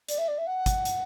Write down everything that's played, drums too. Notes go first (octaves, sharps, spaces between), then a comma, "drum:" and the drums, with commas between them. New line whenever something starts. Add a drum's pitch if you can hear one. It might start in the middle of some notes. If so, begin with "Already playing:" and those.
D5, drum: hi-hat
E5
D5
E5
F#5
drum: kick, hi-hat
drum: hi-hat